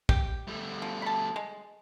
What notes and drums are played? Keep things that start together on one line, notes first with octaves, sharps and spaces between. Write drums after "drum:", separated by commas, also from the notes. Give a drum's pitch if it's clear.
G4, drum: kick
G3 A3
F3
A5 B5
G#3